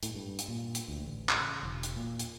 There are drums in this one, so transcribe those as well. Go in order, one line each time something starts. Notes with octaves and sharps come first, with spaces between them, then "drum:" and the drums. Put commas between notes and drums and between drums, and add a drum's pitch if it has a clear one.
A2, drum: hi-hat
G2
drum: hi-hat
A#2
drum: hi-hat
D2
A1
drum: clap
C#3
E1
drum: hi-hat
A#2
drum: hi-hat